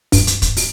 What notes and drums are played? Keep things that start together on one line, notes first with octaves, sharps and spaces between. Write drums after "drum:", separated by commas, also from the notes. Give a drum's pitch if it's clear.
G2, drum: kick, open hi-hat
drum: hi-hat
drum: kick, hi-hat
drum: open hi-hat